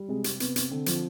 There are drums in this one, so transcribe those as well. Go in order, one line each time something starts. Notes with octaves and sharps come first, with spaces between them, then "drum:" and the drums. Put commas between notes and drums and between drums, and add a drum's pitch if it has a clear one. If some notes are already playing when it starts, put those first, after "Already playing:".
Already playing: G3
C3 G#3
C3 C4, drum: hi-hat
C3 B3, drum: hi-hat
C3, drum: hi-hat
D3 C4
F3, drum: hi-hat